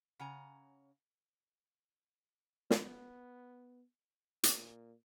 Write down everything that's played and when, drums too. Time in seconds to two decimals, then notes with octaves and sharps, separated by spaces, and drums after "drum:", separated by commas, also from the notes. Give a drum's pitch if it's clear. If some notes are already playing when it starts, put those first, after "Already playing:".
0.19 C#3 F#5 G#5 A#5
2.70 B3, drum: snare
4.43 A#2, drum: hi-hat